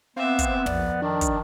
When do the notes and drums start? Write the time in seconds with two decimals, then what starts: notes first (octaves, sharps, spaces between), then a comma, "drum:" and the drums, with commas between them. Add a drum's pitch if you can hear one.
0.16 B3 C4 E5 F5 D6
0.39 drum: kick, hi-hat
0.66 A#1 F2 D5, drum: tom
1.02 D#3 D4
1.21 drum: kick, hi-hat